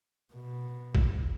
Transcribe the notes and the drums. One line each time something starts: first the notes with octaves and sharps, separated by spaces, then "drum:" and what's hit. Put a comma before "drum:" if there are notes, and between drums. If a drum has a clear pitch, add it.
B2
drum: kick A#1